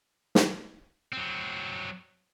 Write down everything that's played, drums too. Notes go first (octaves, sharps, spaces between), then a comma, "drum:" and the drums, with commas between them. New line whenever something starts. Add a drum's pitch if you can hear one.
drum: snare
F#3 C4